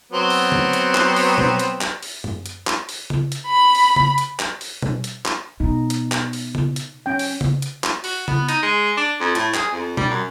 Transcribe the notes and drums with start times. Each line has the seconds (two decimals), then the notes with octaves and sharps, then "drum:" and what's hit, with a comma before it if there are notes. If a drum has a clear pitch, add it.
0.13 F#3 B3 C4
0.30 drum: open hi-hat
0.52 drum: tom D3
0.73 drum: hi-hat
0.95 drum: clap
1.16 drum: open hi-hat
1.38 drum: tom B2
1.59 drum: hi-hat
1.81 drum: clap
2.03 drum: open hi-hat
2.24 drum: tom F#2
2.46 drum: hi-hat
2.67 drum: clap
2.89 drum: open hi-hat
3.10 drum: tom C#3
3.32 drum: hi-hat
3.47 B5
3.75 drum: open hi-hat
3.96 drum: tom C#3
4.18 drum: hi-hat
4.39 drum: clap
4.61 drum: open hi-hat
4.82 drum: tom B2
5.04 drum: hi-hat
5.26 drum: clap
5.60 B2 D#4
5.90 drum: hi-hat
6.12 drum: clap
6.33 drum: open hi-hat
6.55 drum: tom C#3
6.76 drum: hi-hat
7.06 C#4 G5
7.19 drum: open hi-hat
7.41 drum: tom C#3
7.62 drum: hi-hat
7.84 drum: clap
8.04 F#4, drum: open hi-hat
8.28 B3, drum: tom C#3
8.49 D#4, drum: hi-hat
8.62 G#3
8.97 D4
9.20 F2
9.35 A2, drum: hi-hat
9.54 G#4, drum: clap
9.72 F2
9.97 G3, drum: tom B2
10.10 F#2